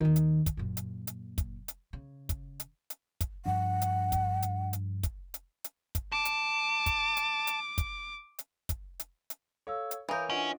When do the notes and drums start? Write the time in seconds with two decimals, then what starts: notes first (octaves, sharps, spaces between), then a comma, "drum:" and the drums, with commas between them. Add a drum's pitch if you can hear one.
0.01 D#2 D#3
0.16 drum: hi-hat
0.46 drum: kick, hi-hat
0.57 F#2 A#2
0.77 drum: hi-hat
1.07 drum: hi-hat
1.38 drum: kick, hi-hat
1.68 drum: hi-hat
1.93 C#3
2.29 drum: kick, hi-hat
2.60 drum: hi-hat
2.90 drum: hi-hat
3.21 drum: kick, hi-hat
3.46 G2 F3 D4 F#5
3.81 drum: hi-hat
4.12 drum: kick, hi-hat
4.42 drum: hi-hat
4.73 drum: hi-hat
5.03 drum: kick, hi-hat
5.34 drum: hi-hat
5.64 drum: hi-hat
5.95 drum: kick, hi-hat
6.12 A5 D6
6.25 drum: hi-hat
6.86 drum: kick, hi-hat
7.17 drum: hi-hat
7.47 drum: hi-hat
7.78 drum: kick, hi-hat
8.39 drum: hi-hat
8.69 drum: kick, hi-hat
9.00 drum: hi-hat
9.30 drum: hi-hat
9.67 A4 C#5 F5 E6
9.91 drum: hi-hat
10.09 E3 E4 A#4 C#5 F5 D#6 G6
10.30 C#4 D4 F4 D#5 F#5 D7